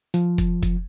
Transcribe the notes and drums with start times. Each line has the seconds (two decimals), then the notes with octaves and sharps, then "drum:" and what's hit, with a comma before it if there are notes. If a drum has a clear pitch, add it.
0.14 F3, drum: hi-hat
0.38 drum: kick F1, hi-hat
0.63 drum: kick F1, hi-hat